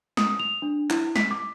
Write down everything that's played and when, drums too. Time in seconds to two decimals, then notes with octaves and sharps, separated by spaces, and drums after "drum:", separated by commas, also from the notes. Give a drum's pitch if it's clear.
0.17 D#6, drum: snare
0.39 F7
0.62 D4
0.90 E4, drum: clap
1.16 B6, drum: snare
1.31 D6